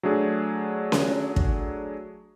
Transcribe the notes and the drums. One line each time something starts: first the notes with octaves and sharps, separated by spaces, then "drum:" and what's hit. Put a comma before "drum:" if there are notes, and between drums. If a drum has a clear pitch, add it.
F#3 A3 D4 G#4
drum: snare C#4
drum: kick